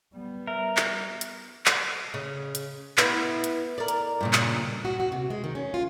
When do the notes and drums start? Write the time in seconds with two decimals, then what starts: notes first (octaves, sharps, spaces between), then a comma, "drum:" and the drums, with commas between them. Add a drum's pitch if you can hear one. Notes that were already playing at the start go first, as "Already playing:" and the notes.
0.14 G3 B3
0.47 A#4 E5
0.77 drum: clap
1.21 drum: hi-hat
1.66 drum: clap
2.14 C#3
2.55 drum: hi-hat
2.98 B3 E4, drum: clap
3.44 drum: hi-hat
3.78 A#4 D5
3.88 drum: hi-hat
4.21 G2 A#2 C#3
4.33 drum: clap
4.85 F#4
5.00 F#4
5.12 C3
5.30 G#3
5.44 D#3
5.55 C#4
5.74 F4